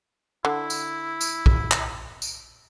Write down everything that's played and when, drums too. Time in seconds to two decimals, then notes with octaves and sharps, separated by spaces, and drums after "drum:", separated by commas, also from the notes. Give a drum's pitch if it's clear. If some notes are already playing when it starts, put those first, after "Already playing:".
0.45 D3 E4
0.70 drum: tambourine
1.21 drum: tambourine
1.46 drum: kick
1.71 drum: clap
2.22 drum: tambourine